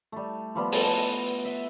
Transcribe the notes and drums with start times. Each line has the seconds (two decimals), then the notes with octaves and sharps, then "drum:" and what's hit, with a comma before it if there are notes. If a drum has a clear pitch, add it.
0.12 G3 A3
0.55 F3 G3 B3
0.72 A4 A5, drum: open hi-hat
0.85 B3
1.45 E5